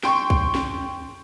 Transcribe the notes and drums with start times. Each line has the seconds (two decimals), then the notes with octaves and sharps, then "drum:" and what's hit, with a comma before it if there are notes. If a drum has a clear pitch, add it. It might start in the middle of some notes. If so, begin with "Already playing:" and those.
0.03 G5 C6 C#6, drum: snare
0.30 drum: kick B1
0.55 drum: snare